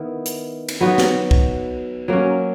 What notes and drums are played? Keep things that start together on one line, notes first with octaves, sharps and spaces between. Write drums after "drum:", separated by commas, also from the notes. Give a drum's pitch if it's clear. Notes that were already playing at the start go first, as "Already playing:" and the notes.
Already playing: D#3 B3 E4
drum: hi-hat
drum: cymbal
F#3 B3 D#4 F#4
drum: snare
drum: kick C2
F#3 A#3 C#4